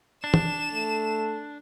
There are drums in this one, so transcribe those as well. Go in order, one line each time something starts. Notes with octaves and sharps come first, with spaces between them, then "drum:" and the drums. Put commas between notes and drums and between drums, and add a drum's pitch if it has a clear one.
D4 E7
drum: tom
A3